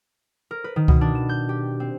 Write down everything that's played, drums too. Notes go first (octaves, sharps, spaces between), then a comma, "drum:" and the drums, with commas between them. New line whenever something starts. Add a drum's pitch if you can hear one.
A#4
B4
D#3
B2, drum: kick C#2
D4
E7
G6
G4
C4